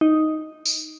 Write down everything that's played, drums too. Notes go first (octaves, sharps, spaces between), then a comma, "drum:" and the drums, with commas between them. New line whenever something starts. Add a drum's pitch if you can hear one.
D#4
drum: tambourine